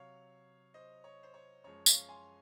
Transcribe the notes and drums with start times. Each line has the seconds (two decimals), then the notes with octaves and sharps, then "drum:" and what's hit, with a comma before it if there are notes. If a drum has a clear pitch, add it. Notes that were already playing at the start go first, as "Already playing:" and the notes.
Already playing: C3 F#3 C#5 F5
0.74 C5 D#5
1.04 C#5
1.23 C5
1.34 C#5
1.64 F#2 F3 G#3 C#5
1.86 C#5 F5, drum: tambourine
2.09 G#5 C6